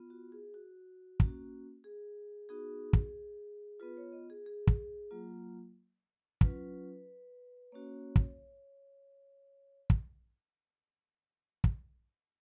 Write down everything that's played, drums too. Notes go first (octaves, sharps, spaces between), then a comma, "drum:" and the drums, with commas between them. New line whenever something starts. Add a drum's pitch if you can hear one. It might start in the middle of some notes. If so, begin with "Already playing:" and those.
Already playing: B3 F4
F#4
G#4
F#4
A#3 C#4 F#4, drum: kick
G#4
B3 D#4 F#4 G#4
drum: kick
B3 F4 B4
C#5
D#5
G#4
G#4
drum: kick
F#3 A#3 F4
F#3 C#4 F4 B4, drum: kick
A#3 C#4 F#4 C#5
drum: kick
drum: kick
drum: kick